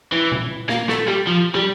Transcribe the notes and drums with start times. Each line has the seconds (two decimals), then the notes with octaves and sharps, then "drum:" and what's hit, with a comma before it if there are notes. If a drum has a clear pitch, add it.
0.12 E3
0.32 drum: tom A#2
0.69 A#3, drum: snare
0.89 A3, drum: snare
1.08 G3
1.27 F3
1.55 G3